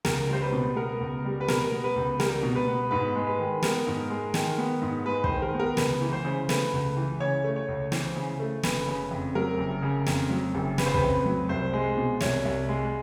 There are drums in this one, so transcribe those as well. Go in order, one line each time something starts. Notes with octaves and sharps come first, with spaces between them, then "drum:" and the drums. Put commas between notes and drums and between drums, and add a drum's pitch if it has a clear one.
C#2 A#4, drum: snare
G3 C5
B4
B2
B3 A#4
C#2
G3
B4
B2 A#4, drum: snare
B3
B4
C#2
G3 A#4, drum: snare
B2
B4
B3
G#2 B4
G#3
B4
D#3
B3 A#4, drum: snare
G#2
G#3
D#3, drum: snare
B3
G#2
G#3 B4
C5, drum: kick
D#3
A#4
B3
A#4
C#2 B4, drum: snare
E3
C5
C#3
A3 B4, drum: snare
C#2
E3
C#3 C#5
A3
C#5
C#2
E3 C5, drum: snare
C#3
A3
F#1 B4, drum: snare
C#3
F2
F#3 A#4
F#1
C#3
F2, drum: snare
F#3
F#1
C#3 B4, drum: snare
C5
B4, drum: kick
F2
F#3
C2 C5
G#3
B2
C2 C#5, drum: snare
C2
G#3